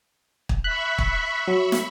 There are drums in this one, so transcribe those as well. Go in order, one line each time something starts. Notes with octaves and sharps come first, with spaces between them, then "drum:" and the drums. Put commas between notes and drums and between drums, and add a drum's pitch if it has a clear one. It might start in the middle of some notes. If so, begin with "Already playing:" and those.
drum: kick
E5 B5 C#6 F#6 B6
drum: kick
F#3
drum: snare